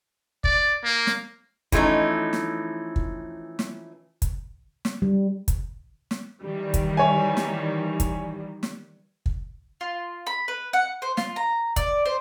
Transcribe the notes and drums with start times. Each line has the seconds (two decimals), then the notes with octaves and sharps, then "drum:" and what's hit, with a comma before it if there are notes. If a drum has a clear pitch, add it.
0.44 D5, drum: kick
0.84 A#3
1.07 drum: snare
1.72 E3 F3 A3 C#4 D#4, drum: kick, hi-hat
2.33 drum: snare
2.96 drum: kick
3.59 drum: snare
4.22 drum: kick, hi-hat
4.85 drum: snare
5.02 G3
5.48 drum: kick, hi-hat
6.11 drum: snare
6.43 D#3 E3 G3
6.74 drum: kick, hi-hat
6.97 C#5 G#5
7.37 drum: snare
8.00 drum: kick, hi-hat
8.63 drum: snare
9.26 drum: kick
9.81 F4
10.27 B5
10.48 B4
10.73 F#5
11.02 C5
11.17 F4, drum: snare
11.36 A#5
11.76 D5, drum: kick, hi-hat
12.06 C5